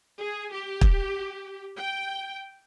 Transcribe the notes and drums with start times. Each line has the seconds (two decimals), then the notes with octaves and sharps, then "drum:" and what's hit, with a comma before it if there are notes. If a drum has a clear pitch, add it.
0.19 G#4
0.52 G4
0.81 drum: kick
1.76 G5